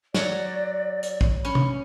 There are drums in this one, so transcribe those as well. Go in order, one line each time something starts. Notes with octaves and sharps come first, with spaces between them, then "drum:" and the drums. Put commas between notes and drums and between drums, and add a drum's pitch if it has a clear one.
F#3 C#5 D5, drum: snare
drum: hi-hat
drum: kick A#1
C#4 B5
drum: tom C3